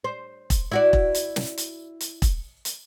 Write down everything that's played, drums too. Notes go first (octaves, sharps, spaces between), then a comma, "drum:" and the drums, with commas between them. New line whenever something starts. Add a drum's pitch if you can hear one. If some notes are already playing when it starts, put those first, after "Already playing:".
C5
drum: kick E1, hi-hat
E4 F#4 D5
drum: kick E1
drum: hi-hat
drum: snare
drum: hi-hat
drum: hi-hat
drum: kick E1, hi-hat
drum: hi-hat